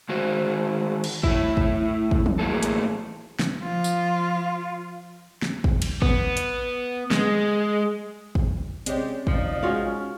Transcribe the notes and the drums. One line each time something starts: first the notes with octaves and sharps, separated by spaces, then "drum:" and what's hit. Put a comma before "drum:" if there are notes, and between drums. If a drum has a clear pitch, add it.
D#3 G#3 F#4 C5
drum: cymbal
A3 E4, drum: kick
drum: kick
drum: kick
drum: tom
E2 A2 F#3 A#3 G#4 A4
drum: hi-hat
drum: snare
F3 F4
drum: tambourine
drum: snare
drum: kick
drum: cymbal
B3, drum: kick
drum: hi-hat
G#3, drum: snare
drum: kick
C3 G#3 C#4 G4 D5, drum: hi-hat
B2 F3 D#4, drum: kick
G#3 C#4 F4 F#4 C#5